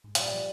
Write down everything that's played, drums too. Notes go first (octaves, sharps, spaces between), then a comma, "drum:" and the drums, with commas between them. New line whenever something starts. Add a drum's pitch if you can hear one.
G#2
A#2 G3, drum: hi-hat
F3